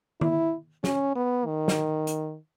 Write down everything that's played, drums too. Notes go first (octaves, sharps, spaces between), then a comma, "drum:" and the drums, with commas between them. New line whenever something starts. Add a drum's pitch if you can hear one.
E4, drum: tom D#3
C#4, drum: snare
B3
D#3
drum: snare
drum: hi-hat